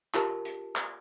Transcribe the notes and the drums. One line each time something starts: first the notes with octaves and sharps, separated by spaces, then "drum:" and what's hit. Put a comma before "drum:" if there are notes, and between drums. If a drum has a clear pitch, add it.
F4 G4 A#4 A5, drum: clap
drum: hi-hat
drum: clap